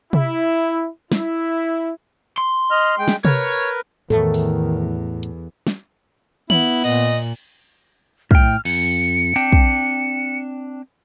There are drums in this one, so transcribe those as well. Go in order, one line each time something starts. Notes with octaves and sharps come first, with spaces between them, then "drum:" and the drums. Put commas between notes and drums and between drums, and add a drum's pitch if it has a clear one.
E4, drum: tom C3
E4, drum: snare
C6
D#5 F6
G#3 G5
drum: snare
A#4 B4 C#5, drum: tom C3
E2 A2 D#3 A3 A4
drum: open hi-hat
drum: hi-hat
drum: snare
B3 E4 F#7, drum: tom D#3
A#2 D#5, drum: cymbal
A2 G5 F6, drum: kick
F2 C#7, drum: cymbal
C4 D4 G5, drum: tambourine
drum: kick